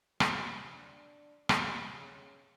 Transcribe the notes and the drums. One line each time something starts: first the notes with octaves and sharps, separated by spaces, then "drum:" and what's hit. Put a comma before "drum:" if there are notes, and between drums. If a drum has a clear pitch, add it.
F3, drum: rim click
D4
G#3, drum: rim click
C#3